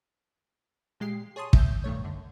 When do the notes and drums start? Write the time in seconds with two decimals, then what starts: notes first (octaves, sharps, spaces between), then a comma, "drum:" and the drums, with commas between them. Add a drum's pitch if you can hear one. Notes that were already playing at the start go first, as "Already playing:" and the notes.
1.00 A#2 G#3 G4 C7
1.36 G#4 C#5 A5 C6 D#6
1.53 E5 G6, drum: kick
1.84 G2 D#3 A3 C#5
2.04 F#2 D3